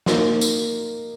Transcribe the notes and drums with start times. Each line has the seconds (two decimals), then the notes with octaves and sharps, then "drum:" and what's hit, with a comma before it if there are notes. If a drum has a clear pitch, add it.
0.06 A#3 D#4, drum: snare
0.41 drum: tambourine